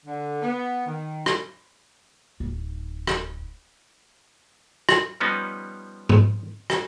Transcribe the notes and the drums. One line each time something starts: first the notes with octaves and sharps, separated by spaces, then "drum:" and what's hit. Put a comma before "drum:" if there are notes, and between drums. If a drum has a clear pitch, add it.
D3
B3
D#3
drum: rim click
D1 D#4
drum: rim click
drum: rim click
F3 G3 B3 C#4 D#4
drum: tom G#2
drum: rim click